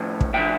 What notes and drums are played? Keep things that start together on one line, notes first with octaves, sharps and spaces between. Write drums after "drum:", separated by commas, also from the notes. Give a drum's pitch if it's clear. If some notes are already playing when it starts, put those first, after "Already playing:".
Already playing: A2 F3
drum: kick
A2 F3 E5 G5